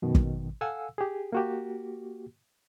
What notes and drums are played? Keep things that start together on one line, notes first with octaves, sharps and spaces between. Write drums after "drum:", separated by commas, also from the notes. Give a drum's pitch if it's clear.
F#2 B2 D#3
drum: kick
A4 F5 F#5 G#5 E6
G4 G#4
A#3 F#4 G4